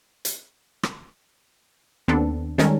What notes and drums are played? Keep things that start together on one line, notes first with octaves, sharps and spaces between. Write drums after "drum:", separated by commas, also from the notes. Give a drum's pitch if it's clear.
drum: hi-hat
drum: rim click
D#2 B3 C4 D4 A4
D#3 G3 G#3 C#4 A4 A#4, drum: snare